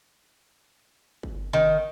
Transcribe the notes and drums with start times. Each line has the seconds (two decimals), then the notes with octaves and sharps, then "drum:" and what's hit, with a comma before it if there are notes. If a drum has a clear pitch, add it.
1.23 drum: kick G1
1.53 D#3, drum: kick G1